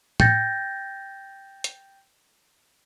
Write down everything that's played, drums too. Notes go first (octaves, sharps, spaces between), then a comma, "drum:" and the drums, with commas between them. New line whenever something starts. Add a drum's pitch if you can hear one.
G5 G6 A6 A#6, drum: tom A2
drum: hi-hat